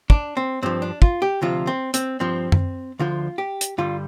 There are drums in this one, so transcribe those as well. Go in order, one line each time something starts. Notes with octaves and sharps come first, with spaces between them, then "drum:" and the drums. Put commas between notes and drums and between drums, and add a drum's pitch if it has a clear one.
D4, drum: kick
C4
G2 F3 C4
D4
F4, drum: kick
G4
D2 C3 F3 F4
C4
C4, drum: hi-hat
G2 F3 C4
drum: tom F#2
D2 D3 F3 F4
G4
drum: hi-hat
G2 D3 G3 F4